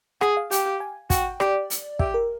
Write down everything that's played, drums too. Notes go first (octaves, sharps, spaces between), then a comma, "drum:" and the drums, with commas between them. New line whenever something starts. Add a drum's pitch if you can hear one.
G#4 F#5, drum: rim click
F5
G4 G5, drum: hi-hat
G#5
F#4 G5, drum: kick, hi-hat
G4 D5, drum: rim click
drum: hi-hat
G4 E5, drum: kick
A#4